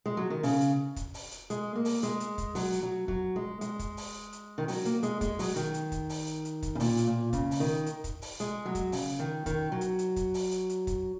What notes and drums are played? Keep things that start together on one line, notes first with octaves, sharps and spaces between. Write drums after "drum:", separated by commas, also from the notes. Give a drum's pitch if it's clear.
G#3
F#3
D#3
C#3, drum: open hi-hat
drum: hi-hat
drum: kick, hi-hat
drum: open hi-hat
drum: hi-hat
G#3, drum: hi-hat
A#3
drum: open hi-hat
G#3, drum: hi-hat
drum: hi-hat
drum: kick, hi-hat
F#3, drum: open hi-hat
drum: hi-hat
F#3
F#3, drum: kick
G#3
G#3, drum: hi-hat
drum: kick, hi-hat
drum: open hi-hat
drum: hi-hat
D#3
F#3, drum: open hi-hat
A#3, drum: hi-hat
G#3, drum: hi-hat
G#3, drum: kick, hi-hat
F#3, drum: open hi-hat
D#3, drum: hi-hat
drum: hi-hat
drum: kick, hi-hat
drum: open hi-hat
drum: hi-hat
drum: hi-hat
drum: kick, hi-hat
C#3
A#2, drum: open hi-hat
drum: hi-hat
A#2
C#3, drum: kick, hi-hat
drum: open hi-hat
D#3
drum: hi-hat
drum: kick, hi-hat
drum: open hi-hat
G#3, drum: hi-hat
F#3
drum: kick, hi-hat
C#3, drum: open hi-hat
D#3
D#3, drum: kick, hi-hat
F#3
drum: hi-hat
drum: hi-hat
drum: kick, hi-hat
drum: open hi-hat
drum: hi-hat
drum: hi-hat
drum: kick, hi-hat